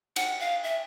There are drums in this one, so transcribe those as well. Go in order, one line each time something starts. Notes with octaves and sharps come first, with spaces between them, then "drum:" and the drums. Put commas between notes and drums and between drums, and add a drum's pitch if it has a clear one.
F#5, drum: cymbal
F5
E5